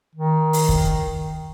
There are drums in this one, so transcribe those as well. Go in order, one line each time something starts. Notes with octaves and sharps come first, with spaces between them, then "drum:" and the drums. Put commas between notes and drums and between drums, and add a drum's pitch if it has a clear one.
D#3
drum: open hi-hat
drum: kick